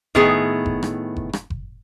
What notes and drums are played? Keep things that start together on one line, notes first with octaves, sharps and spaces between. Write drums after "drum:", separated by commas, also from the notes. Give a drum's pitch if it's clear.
A2 D#3 B3 G#4, drum: kick F#1
drum: kick F#1
drum: rim click
drum: kick F#1
drum: rim click
drum: kick F#1